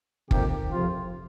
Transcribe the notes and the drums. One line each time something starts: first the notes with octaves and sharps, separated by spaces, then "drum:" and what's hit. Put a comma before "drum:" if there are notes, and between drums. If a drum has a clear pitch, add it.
F2 C3 D#3 A#3 G4, drum: kick
F2 C3 F3 F4